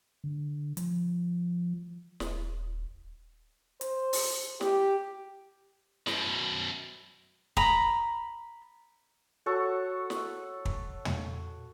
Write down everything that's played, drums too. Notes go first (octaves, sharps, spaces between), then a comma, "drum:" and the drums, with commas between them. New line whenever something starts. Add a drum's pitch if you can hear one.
D3
F3, drum: hi-hat
D#1, drum: snare
C5, drum: hi-hat
drum: open hi-hat
G4, drum: snare
F#2 B2, drum: snare
A#5 B5, drum: kick
F#4 A4 C#5
drum: snare
drum: kick
drum: tom